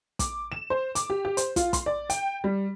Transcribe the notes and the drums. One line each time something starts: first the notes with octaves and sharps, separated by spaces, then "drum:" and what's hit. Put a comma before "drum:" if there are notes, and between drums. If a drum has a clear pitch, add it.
D6, drum: kick, hi-hat
E7
C5
D6, drum: hi-hat
G4
G4
C5, drum: hi-hat
F4, drum: kick, hi-hat
C6, drum: kick, hi-hat
D5
G5, drum: hi-hat
G3